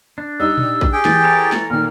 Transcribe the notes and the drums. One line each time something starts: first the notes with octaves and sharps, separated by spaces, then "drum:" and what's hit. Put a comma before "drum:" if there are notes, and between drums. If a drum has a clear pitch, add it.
D4
G3 D#4 E6
drum: tom A#2
drum: kick A#1
G4 G#4 G5
E3 A6, drum: snare
A4 A#4 C#5
drum: snare
A#2 D#3 F6